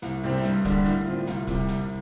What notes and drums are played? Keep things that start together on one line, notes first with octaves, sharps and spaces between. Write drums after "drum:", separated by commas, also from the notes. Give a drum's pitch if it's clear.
C2, drum: hi-hat
C3 G3 C4
G2, drum: hi-hat
D3 G3 A#3 D4, drum: kick, hi-hat
A2, drum: hi-hat
F3 C4 F4
C2, drum: hi-hat
C3 G3, drum: kick, hi-hat
C2, drum: hi-hat